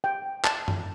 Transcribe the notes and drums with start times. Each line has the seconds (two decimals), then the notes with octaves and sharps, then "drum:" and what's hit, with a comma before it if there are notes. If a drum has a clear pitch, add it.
0.04 G5
0.44 A5, drum: clap
0.68 drum: tom F#2